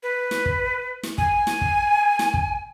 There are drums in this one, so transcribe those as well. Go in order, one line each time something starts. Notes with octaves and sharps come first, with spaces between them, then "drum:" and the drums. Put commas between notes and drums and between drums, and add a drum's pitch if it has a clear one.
B4
drum: snare
drum: kick
drum: snare
G#5, drum: kick
drum: snare
drum: kick
drum: snare
drum: kick